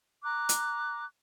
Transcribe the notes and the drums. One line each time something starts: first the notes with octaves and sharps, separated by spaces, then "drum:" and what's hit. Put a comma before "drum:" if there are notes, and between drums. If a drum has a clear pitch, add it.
A#5 D6 F#6
drum: hi-hat